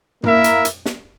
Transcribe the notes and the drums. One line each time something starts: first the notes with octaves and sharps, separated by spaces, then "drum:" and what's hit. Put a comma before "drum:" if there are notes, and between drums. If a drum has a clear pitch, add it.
A#3 E4 A#4 E5, drum: tom
drum: hi-hat
drum: hi-hat
drum: snare